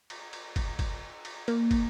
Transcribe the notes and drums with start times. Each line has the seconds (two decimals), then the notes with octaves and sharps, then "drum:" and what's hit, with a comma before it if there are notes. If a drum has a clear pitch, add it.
0.10 drum: cymbal
0.33 drum: cymbal
0.56 drum: kick, cymbal
0.79 drum: kick, cymbal
1.25 drum: cymbal
1.48 A#3, drum: cymbal
1.71 drum: kick, cymbal